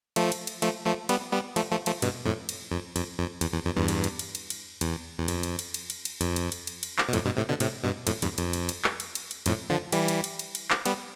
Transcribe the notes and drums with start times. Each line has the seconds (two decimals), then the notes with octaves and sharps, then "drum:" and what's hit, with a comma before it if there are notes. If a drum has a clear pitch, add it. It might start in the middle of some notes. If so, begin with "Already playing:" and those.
0.16 F3 A3, drum: cymbal
0.32 drum: cymbal
0.47 drum: cymbal
0.62 F3 A3, drum: cymbal
0.85 F3 A3
1.09 G3 B3, drum: cymbal
1.32 G3 B3
1.56 F3 A3, drum: cymbal
1.71 F3 A3
1.86 F3 A3, drum: cymbal
2.02 G2 B2, drum: cymbal
2.25 F2 A2
2.49 drum: cymbal
2.71 F2
2.96 F2, drum: cymbal
3.19 F2
3.41 E2, drum: cymbal
3.54 E2
3.66 F2
3.76 E2 G2
3.88 drum: cymbal
4.04 drum: cymbal
4.19 drum: cymbal
4.35 drum: cymbal
4.50 drum: cymbal
4.81 E2, drum: cymbal
5.18 E2
5.28 F2, drum: cymbal
5.43 drum: cymbal
5.59 drum: cymbal
5.74 drum: cymbal
5.90 drum: cymbal
6.05 drum: cymbal
6.21 F2, drum: cymbal
6.36 drum: cymbal
6.52 drum: cymbal
6.67 drum: cymbal
6.83 drum: cymbal
6.98 drum: clap
7.09 B2
7.13 F2 A2, drum: cymbal
7.25 G2 B2
7.37 A2 C3
7.49 B2 D3
7.60 A2 C3, drum: cymbal
7.83 G2 B2
8.07 F2 A2, drum: cymbal
8.22 E2 G2, drum: cymbal
8.38 F2, drum: cymbal
8.53 drum: cymbal
8.69 drum: cymbal
8.84 drum: clap
9.00 drum: cymbal
9.15 drum: cymbal
9.31 drum: cymbal
9.46 F2 A2, drum: cymbal
9.70 D3 F3
9.92 E3 G3, drum: cymbal
10.08 drum: cymbal
10.24 drum: cymbal
10.39 drum: cymbal
10.55 drum: cymbal
10.70 drum: clap
10.85 G3 B3, drum: cymbal